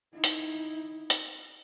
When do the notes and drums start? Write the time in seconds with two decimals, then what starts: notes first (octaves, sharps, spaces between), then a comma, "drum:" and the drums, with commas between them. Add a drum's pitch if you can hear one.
0.13 D#4 E4
0.24 drum: hi-hat
1.10 drum: hi-hat